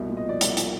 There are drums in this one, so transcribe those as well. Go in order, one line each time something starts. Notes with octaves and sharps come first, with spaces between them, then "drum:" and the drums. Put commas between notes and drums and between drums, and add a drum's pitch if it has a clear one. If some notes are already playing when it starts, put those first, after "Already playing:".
Already playing: C2 B2
A#2
D#5
F3 D5
C2 D5, drum: hi-hat
drum: hi-hat